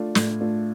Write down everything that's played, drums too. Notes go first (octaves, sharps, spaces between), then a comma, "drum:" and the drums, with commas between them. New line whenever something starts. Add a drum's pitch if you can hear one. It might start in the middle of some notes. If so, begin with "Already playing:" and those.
Already playing: A3 D4 F4
A2, drum: snare
A3 D4 F4